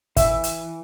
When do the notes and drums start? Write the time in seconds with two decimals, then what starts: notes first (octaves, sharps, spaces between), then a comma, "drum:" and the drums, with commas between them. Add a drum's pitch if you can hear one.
0.17 E3 E5, drum: kick, hi-hat
0.44 drum: hi-hat